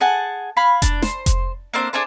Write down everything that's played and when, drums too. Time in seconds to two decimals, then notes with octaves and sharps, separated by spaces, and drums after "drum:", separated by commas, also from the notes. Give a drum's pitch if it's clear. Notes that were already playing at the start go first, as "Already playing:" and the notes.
0.01 G#4 F#5 G#5 A5
0.57 F5 G#5 B5
0.82 D4, drum: kick F1, hi-hat
1.02 C5, drum: snare
1.26 drum: kick F1, hi-hat
1.74 A#3 C4 D4 C5
1.93 D4 G#4 A4 C5